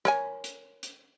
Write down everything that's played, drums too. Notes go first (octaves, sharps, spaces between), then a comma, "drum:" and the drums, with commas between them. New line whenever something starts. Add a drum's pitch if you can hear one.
A#4 C#5 G#5, drum: rim click
drum: hi-hat
drum: hi-hat